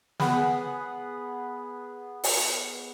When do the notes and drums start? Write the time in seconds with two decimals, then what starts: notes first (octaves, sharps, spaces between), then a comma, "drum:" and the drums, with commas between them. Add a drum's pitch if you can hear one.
0.20 B3 G#4 F#5, drum: snare
2.24 drum: open hi-hat